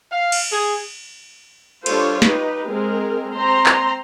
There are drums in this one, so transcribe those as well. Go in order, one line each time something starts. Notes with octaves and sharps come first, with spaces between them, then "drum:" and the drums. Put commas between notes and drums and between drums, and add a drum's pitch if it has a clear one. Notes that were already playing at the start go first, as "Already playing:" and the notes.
F5
drum: cymbal
G#4
G3 D4 F4 A4 C5 C#5, drum: cymbal
D#4 G4 B4, drum: snare
G#3 C4 A#4
C4 C5 A#5 C6
drum: clap